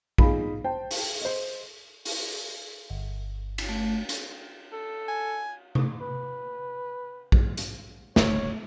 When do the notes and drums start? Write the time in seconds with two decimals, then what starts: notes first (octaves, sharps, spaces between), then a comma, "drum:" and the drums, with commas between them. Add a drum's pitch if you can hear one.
0.18 B3 D#4 F4 G#4 F5 B5, drum: kick A#1
0.64 C5 G5 A5
0.91 drum: open hi-hat
1.22 C5 D#5
2.05 drum: open hi-hat
2.90 G1
3.58 drum: cymbal
3.69 A3
4.09 drum: hi-hat
4.73 A4
5.08 G#5
5.75 drum: tom C3
6.00 B4
7.32 drum: kick A#1
7.57 drum: hi-hat
8.16 D1 G1 C#2 C#5, drum: snare